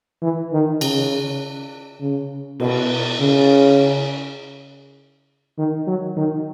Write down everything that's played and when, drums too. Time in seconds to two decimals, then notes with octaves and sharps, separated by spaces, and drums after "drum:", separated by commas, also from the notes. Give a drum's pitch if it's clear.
0.22 E3
0.52 D#3
0.81 C#3, drum: cymbal
2.00 C#3
2.60 B2, drum: cymbal
3.19 C#3
5.58 D#3
5.87 F#3
6.16 D#3